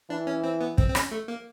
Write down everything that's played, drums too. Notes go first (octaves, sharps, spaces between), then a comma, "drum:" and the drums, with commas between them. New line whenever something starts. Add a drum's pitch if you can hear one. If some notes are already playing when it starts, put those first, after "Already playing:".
E3 D4
C#4
C4
B3
C4, drum: kick
C4
C#4, drum: rim click
A3
A#3